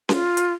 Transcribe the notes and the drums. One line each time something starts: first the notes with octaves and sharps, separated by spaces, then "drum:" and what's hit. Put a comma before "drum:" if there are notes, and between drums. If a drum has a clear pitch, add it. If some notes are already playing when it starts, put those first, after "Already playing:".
G4, drum: snare C#4
F4
drum: hi-hat